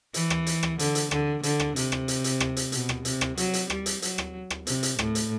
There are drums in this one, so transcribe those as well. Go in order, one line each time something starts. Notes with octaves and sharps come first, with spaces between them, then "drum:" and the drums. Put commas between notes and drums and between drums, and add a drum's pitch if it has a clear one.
E3, drum: hi-hat
drum: rim click
drum: hi-hat
drum: rim click
D3, drum: hi-hat
drum: hi-hat
D3, drum: rim click
D3, drum: hi-hat
drum: rim click
C3, drum: hi-hat
drum: rim click
drum: hi-hat
drum: hi-hat
drum: rim click
drum: hi-hat
B2, drum: hi-hat
drum: rim click
C3, drum: hi-hat
drum: rim click
F#3, drum: hi-hat
drum: hi-hat
G3, drum: rim click
drum: hi-hat
F#3, drum: hi-hat
drum: rim click
drum: rim click
C3, drum: hi-hat
drum: hi-hat
A2, drum: rim click
drum: hi-hat